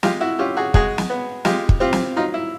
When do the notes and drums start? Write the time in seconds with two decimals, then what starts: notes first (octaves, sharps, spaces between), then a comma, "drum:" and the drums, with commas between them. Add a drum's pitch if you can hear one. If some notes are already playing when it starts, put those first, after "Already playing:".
0.03 G#3 F4 G4, drum: snare
0.21 E4 F#4
0.39 C#4 F4 G4
0.56 F#4 G#4
0.74 G#3 F#4 G#4, drum: kick
0.98 drum: snare
1.10 B3
1.45 G#3 F4 G4, drum: snare
1.69 drum: kick
1.80 C4 F4 G4
1.93 drum: snare
2.16 F#3 D#4 F4
2.34 E4